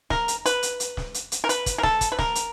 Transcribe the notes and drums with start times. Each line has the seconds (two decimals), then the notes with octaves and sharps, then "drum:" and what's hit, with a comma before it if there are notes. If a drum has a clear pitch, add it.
0.10 A#4, drum: snare
0.28 drum: hi-hat
0.46 B4, drum: hi-hat
0.63 drum: hi-hat
0.80 drum: hi-hat
0.97 drum: snare
1.14 drum: hi-hat
1.32 drum: hi-hat
1.44 A#4
1.49 B4, drum: hi-hat
1.66 drum: kick, hi-hat
1.78 A#4
1.83 A4, drum: snare
2.01 drum: kick, hi-hat
2.12 B4
2.19 A#4, drum: snare
2.35 drum: hi-hat